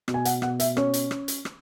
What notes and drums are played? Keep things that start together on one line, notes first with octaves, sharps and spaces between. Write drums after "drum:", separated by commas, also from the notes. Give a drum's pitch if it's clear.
B2, drum: rim click
G#5
F#5, drum: hi-hat
B2 F#5, drum: rim click
E5, drum: hi-hat
C#4 C#5, drum: rim click
drum: hi-hat
drum: rim click
drum: hi-hat
drum: rim click